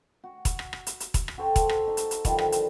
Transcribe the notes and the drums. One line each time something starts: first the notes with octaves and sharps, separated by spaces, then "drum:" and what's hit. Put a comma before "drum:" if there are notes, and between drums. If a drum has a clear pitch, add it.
F#4
drum: kick E1, hi-hat
drum: rim click
drum: rim click
drum: hi-hat
drum: hi-hat
drum: kick E1, hi-hat
drum: rim click
F#4 A4 C5 G5
drum: kick E1, hi-hat
drum: rim click
D#4
drum: hi-hat
drum: hi-hat
D3 D#3 F3 G3, drum: kick E1, hi-hat
drum: rim click
drum: hi-hat